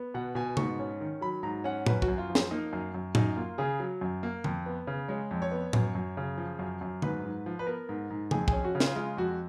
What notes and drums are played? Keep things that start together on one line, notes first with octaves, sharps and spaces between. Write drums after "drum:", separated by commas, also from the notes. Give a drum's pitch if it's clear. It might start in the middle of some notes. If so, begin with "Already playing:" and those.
Already playing: B3
B2 F#5
B2 G#5
G#2 C#6, drum: tom
C#4
D#3
F#3 B5
G#2 A#5
C#4 F#5
F#2 B4, drum: tom
F#4, drum: kick
F#2
F4
F3
F4, drum: snare
A#3 D#4
F#2
F#2
F#2 D#4, drum: tom
A#3 F4
C#3 G#4
F#3
F#2
A#3
F2, drum: tom
B3
C#3
G#3 C#5
F2
C#5
B3
F#2, drum: tom A2
F#2
C#3
F3
F#2
F#2
G#2 B4, drum: tom
G#2
F3
B4
B3 A#4
G#2
G#2
F2 G#4, drum: tom
C#4 G#4, drum: kick
F#4
C#3
F4, drum: snare
G#3 F4
F2 F#4